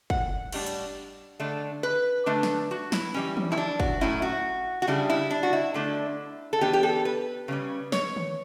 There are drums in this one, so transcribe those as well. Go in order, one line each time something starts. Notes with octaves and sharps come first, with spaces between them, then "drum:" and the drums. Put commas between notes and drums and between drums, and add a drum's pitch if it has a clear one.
F#5, drum: kick
A2 G3 D4, drum: cymbal
drum: hi-hat
D3 A3 D4
B4
D3 A3 D4
drum: snare
F#4
E4, drum: snare
E3 G3 C#4
drum: tom E3
E4, drum: clap
D4
F#4, drum: kick
A2 F#3 A3 C#4 E4
F#4
F#4
C#3 G3 D4 E4
E4
D4
F#4
E4
D3 A3 D4
A4
E3 B3 D4 G4
G4
A4
B4
C#3 G3 C#4
C#5, drum: snare
drum: tom D#3